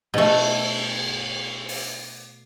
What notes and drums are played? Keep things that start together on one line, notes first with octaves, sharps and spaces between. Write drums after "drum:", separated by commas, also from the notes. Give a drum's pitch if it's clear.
B2 A3, drum: cymbal
drum: open hi-hat